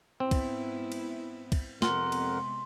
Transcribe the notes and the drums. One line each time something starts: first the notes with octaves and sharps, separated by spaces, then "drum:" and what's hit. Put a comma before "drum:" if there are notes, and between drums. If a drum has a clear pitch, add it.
G#2 B3 C4 E4
drum: kick, cymbal
drum: cymbal
drum: kick, cymbal
F2 C3 G#3 B3 A#4 F#5 C6, drum: snare
drum: cymbal